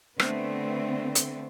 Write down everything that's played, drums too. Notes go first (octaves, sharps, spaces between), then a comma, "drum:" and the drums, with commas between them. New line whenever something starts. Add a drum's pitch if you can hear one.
D3 A3 B3 C4, drum: rim click
drum: hi-hat